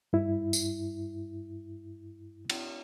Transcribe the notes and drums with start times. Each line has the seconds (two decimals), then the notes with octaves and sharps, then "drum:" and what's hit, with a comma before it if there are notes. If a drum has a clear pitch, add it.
0.13 G2 E4
0.53 drum: tambourine
2.50 drum: cymbal